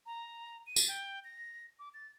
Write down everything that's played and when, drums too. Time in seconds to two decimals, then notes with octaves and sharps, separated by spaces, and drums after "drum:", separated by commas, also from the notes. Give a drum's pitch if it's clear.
0.06 A#5
0.67 D#7
0.76 drum: tambourine
0.88 G5
1.24 A#6
1.79 D6
1.94 A6